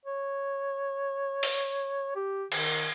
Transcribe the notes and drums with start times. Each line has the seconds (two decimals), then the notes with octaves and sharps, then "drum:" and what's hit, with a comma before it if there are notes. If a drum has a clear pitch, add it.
0.05 C#5
1.43 drum: open hi-hat
2.16 G4
2.52 D#3, drum: cymbal